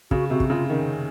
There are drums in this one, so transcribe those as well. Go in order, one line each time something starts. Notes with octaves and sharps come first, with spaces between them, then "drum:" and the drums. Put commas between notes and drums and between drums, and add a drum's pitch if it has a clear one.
C#3 F#4, drum: kick
C3 F#4
drum: kick
C#3 F4
D#3 C#4